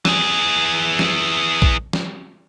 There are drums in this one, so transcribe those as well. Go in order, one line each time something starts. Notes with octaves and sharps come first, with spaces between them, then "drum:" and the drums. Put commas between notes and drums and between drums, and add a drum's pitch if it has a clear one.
E3 G#4, drum: snare
drum: snare
drum: kick A#1
drum: snare